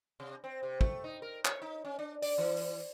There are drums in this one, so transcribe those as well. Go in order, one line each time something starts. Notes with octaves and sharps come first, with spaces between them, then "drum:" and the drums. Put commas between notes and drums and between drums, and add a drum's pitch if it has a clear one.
C3
C4
C3
A3, drum: kick
D#4
A#4
C#5, drum: clap
D#4
C#4
D4
D5, drum: open hi-hat
E3
drum: open hi-hat